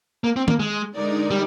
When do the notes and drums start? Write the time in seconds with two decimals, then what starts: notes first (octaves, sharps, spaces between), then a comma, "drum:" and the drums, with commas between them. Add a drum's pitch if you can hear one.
0.24 A#3
0.36 C4
0.48 A#3, drum: tom D#3
0.60 G#3
0.95 D3 G#3 D#4 A#4 D5
1.31 G3